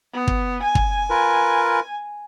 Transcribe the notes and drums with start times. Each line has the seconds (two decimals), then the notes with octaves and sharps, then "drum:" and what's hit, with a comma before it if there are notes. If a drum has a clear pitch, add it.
0.14 B3
0.27 drum: kick
0.63 G#5
0.75 drum: kick
1.10 F4 A#4 B4